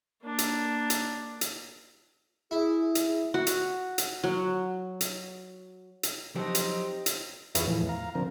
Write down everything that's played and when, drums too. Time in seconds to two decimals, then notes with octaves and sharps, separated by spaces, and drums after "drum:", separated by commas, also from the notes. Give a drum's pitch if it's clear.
0.23 A#3 D4
0.38 drum: hi-hat
0.90 drum: hi-hat
1.41 drum: hi-hat
2.51 E4 G#4
2.95 drum: hi-hat
3.34 F#4
3.47 drum: hi-hat
3.98 drum: hi-hat
4.24 F#3
5.01 drum: hi-hat
6.03 drum: hi-hat
6.36 F3 F#3 C4 D#4 G4
6.55 drum: hi-hat
7.06 drum: hi-hat
7.55 E2 F4 G#4 B4 C#5 E5, drum: hi-hat
7.67 E2 A2 E3 F3
7.89 F5 A#5
8.15 D3 F3 C4 A#4